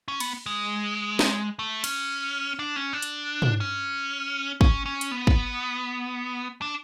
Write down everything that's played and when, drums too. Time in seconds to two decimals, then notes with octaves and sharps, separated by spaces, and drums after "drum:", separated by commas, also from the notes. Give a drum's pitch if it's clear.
0.08 C#4
0.20 B3, drum: cymbal
0.46 G#3
1.19 drum: snare
1.59 A3
1.84 C#4, drum: cymbal
2.59 D4
2.76 C#4
2.93 D4
3.02 drum: hi-hat
3.42 drum: tom
3.60 C#4
4.61 C#4, drum: kick
4.86 C#4
5.01 drum: hi-hat
5.11 B3
5.27 drum: kick
6.62 D4